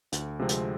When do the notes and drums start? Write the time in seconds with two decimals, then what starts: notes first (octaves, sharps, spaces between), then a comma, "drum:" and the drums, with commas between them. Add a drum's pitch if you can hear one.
0.12 D2, drum: hi-hat
0.39 C3 F3 G#3 C4
0.49 drum: hi-hat